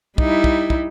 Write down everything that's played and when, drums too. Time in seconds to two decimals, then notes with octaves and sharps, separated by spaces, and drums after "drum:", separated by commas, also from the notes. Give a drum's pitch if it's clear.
0.18 G3 D#4 E4, drum: kick
0.44 drum: kick
0.70 drum: kick